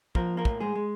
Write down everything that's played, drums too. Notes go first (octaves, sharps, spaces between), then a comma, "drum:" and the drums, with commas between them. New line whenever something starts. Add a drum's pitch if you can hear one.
F3 A#3 A#4, drum: kick
A#3 A#4
A2, drum: kick
G#3 G#4
G#3